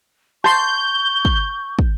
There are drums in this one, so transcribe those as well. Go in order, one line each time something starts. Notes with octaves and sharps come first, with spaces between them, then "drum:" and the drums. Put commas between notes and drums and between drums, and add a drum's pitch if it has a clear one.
A5 C6 C#6 G6, drum: rim click
drum: kick
drum: kick